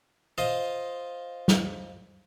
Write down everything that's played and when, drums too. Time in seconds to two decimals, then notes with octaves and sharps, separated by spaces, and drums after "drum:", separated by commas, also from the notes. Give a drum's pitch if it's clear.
0.38 F4 C5 D#5
1.48 drum: snare